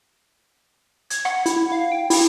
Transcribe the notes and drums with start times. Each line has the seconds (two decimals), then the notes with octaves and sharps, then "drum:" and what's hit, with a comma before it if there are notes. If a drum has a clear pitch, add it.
1.10 G#6, drum: hi-hat
1.25 F#5, drum: rim click
1.46 E4, drum: hi-hat
1.72 F5
1.92 G5
2.10 E4, drum: open hi-hat